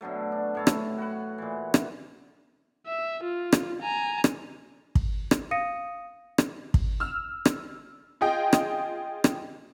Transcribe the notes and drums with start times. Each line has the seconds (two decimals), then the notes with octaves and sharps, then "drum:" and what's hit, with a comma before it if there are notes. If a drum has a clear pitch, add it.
0.01 B2 D3 F#3 A3
0.32 D4
0.55 A2 C#5 A5
0.67 drum: rim click
0.98 F#4 B4 F#5
1.38 A#2 E3
1.74 drum: rim click
2.86 E5
3.23 F4
3.53 drum: rim click
3.82 G#5 A#5
4.24 drum: rim click
4.95 drum: kick
5.31 drum: rim click
5.51 F5 D#6 A#6 C#7 D#7
6.38 drum: rim click
6.74 drum: kick
7.00 E6 F6
7.45 drum: rim click
8.21 F4 G#4 D#5 G5
8.53 drum: rim click
9.24 drum: rim click